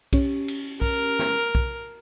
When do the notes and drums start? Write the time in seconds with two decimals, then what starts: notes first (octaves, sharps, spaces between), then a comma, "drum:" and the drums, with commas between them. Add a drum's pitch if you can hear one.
0.13 C#4 G4, drum: kick B1, cymbal
0.48 drum: cymbal
0.82 A#4, drum: kick B1
1.19 drum: snare
1.55 drum: kick B1